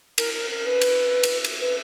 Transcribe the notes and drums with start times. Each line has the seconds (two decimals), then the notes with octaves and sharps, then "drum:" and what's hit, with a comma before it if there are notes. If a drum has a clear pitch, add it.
0.18 A#4, drum: cymbal
0.34 A#4
0.50 A#4
0.66 B4
0.81 drum: cymbal
1.23 drum: cymbal
1.44 drum: cymbal
1.61 B4